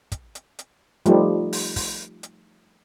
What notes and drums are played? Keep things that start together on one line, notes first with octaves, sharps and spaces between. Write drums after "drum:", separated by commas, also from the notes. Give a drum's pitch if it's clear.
drum: kick, hi-hat
drum: hi-hat
drum: hi-hat
F3 G3 A3 D#4, drum: hi-hat
drum: open hi-hat
drum: kick, open hi-hat
drum: hi-hat